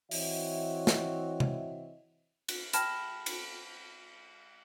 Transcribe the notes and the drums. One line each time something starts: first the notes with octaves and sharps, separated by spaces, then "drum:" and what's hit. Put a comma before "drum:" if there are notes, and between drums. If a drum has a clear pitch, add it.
E3 C4 F#4 C#5 D#5 E5, drum: open hi-hat
drum: snare
drum: tom C3
drum: cymbal
G5 A5 B5 F6 A#6 E7, drum: hi-hat
drum: cymbal